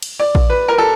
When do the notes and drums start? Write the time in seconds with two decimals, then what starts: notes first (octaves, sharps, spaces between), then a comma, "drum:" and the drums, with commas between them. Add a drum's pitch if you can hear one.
0.03 drum: cymbal
0.20 D5
0.35 drum: kick A#1
0.50 B4
0.68 A#4
0.78 A4